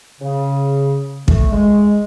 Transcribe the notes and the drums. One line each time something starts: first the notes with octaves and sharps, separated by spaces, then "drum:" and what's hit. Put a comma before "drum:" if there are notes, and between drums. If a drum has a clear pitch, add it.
C#3
A3, drum: kick
G#3